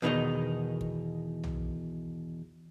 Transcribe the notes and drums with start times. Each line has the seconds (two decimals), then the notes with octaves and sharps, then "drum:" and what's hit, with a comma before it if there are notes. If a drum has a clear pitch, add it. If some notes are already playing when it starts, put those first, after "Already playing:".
0.02 E2 B2 D#3 A#3 D#4 D#5
0.81 drum: kick
1.44 drum: tom B1